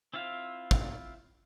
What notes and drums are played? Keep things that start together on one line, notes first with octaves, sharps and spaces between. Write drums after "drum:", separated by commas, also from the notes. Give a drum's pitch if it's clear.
C4 E4 F4 F5
drum: kick